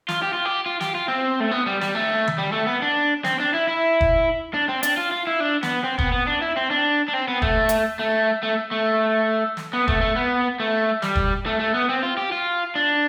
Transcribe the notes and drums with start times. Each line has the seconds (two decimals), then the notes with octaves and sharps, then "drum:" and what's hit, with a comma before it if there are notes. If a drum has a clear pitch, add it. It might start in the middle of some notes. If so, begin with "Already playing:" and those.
0.09 F4, drum: snare
0.22 G4
0.33 F4
0.45 G4
0.66 F4
0.81 G4, drum: snare
0.95 F4
1.08 C4
1.40 A3
1.51 B3
1.67 G3
1.81 G3, drum: snare
1.95 A3
2.27 drum: tom D#3
2.38 G3
2.52 A3
2.67 B3
2.82 D4
3.25 C4, drum: snare
3.40 D4
3.54 E4
3.68 E4
4.01 drum: kick F1
4.54 D4
4.69 C4
4.83 D4, drum: hi-hat
4.97 F4
5.12 F4
5.27 E4
5.40 D4
5.63 B3, drum: snare
5.84 C4
5.98 B3, drum: kick F1
6.12 B3
6.27 D4
6.42 E4
6.57 C4
6.70 D4
7.08 D4
7.13 C4
7.28 B3
7.42 A3, drum: kick F1
7.69 drum: hi-hat
7.99 A3
8.43 A3
8.71 A3
9.57 drum: snare
9.73 B3
9.88 A3, drum: kick F1
10.01 A3
10.16 B3
10.60 A3
11.02 G3, drum: snare
11.16 drum: kick F1
11.46 A3
11.60 A3
11.74 B3
11.89 C4
12.03 F4
12.17 G4
12.32 F4
12.75 D4